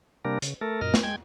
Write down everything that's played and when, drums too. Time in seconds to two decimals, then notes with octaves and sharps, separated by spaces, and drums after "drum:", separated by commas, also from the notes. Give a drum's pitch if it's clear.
0.25 C3 G3 A#3 D4 A#4
0.42 C#3, drum: hi-hat
0.61 A3 A4 A#4
0.81 F#2 A#2 A#4 D#5 F6
0.94 drum: snare
1.03 G#3 G5 G#6